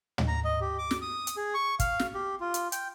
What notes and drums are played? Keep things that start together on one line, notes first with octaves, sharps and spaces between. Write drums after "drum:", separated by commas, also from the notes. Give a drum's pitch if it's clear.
drum: tom
A#5
D#5
G4
D6
drum: snare
D#6
drum: hi-hat
G#4
C#6
F5, drum: kick, hi-hat
drum: snare
G4
F4
drum: hi-hat
G5, drum: hi-hat